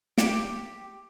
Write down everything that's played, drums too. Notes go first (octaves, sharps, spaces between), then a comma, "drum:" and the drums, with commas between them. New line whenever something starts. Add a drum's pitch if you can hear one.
G4, drum: snare